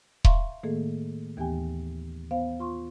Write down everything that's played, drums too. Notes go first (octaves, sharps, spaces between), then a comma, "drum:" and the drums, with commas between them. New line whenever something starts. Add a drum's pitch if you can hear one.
E5 F5 A#5 C6 C#6, drum: kick D#1
A2 D#3 A3 A#3 G#4 A4
D#2 E3 B3 G4 G5 G#5
B3 C5 F5
F4 C6 C#6